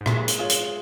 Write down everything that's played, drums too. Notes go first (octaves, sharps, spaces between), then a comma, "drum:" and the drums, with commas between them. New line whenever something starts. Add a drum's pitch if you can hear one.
G#2
A#2 G#3, drum: rim click
drum: hi-hat
F4 G#4 C#5
drum: hi-hat